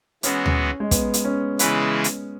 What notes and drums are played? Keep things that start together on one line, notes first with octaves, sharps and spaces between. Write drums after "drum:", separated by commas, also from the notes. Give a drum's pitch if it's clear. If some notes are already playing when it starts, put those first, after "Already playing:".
E3 G#3 B3 C#4 F#4, drum: hi-hat
drum: tom D2
G#3
B3, drum: kick, hi-hat
drum: hi-hat
C#4
C#3 E3 G#3 E4 B4, drum: hi-hat
drum: hi-hat